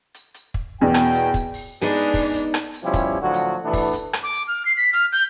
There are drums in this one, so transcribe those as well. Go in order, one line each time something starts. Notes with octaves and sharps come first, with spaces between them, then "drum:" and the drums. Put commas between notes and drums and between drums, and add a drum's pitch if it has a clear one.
drum: hi-hat
drum: hi-hat
drum: kick
E2 B2 G5
drum: rim click
drum: hi-hat
drum: kick, hi-hat
drum: open hi-hat
G#3 B3 D4 D#4 G#4 B4 G#5
drum: hi-hat
drum: kick, open hi-hat
drum: hi-hat
drum: rim click
drum: hi-hat
B2 F3 G3 C#4 E4 G4
drum: kick, hi-hat
A2 D3 F3 F#3 F#4
drum: hi-hat
B2 E3 A3 B3 D4
drum: kick, open hi-hat
drum: hi-hat
drum: rim click
D6
drum: hi-hat
F6
C7
B6
F6, drum: hi-hat
G6, drum: hi-hat